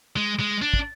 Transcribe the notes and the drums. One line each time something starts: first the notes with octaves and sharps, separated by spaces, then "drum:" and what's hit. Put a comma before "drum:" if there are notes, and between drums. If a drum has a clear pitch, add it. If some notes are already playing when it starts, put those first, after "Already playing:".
G#3
G#3
D4
drum: kick